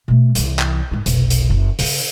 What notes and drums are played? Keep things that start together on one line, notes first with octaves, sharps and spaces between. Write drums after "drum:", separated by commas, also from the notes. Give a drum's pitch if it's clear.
B2 A3
C2 E3, drum: hi-hat
drum: clap
G#1 D#4
F1 B1, drum: hi-hat
drum: hi-hat
F#1
C#3 C#4, drum: open hi-hat